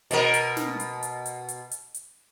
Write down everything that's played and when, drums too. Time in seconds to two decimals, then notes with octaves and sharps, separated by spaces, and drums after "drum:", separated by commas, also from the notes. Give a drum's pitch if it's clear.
0.11 B2 A#4, drum: hi-hat
0.34 drum: hi-hat
0.57 drum: snare
0.80 drum: hi-hat
1.03 drum: hi-hat
1.26 drum: hi-hat
1.49 drum: hi-hat
1.71 drum: hi-hat
1.94 drum: hi-hat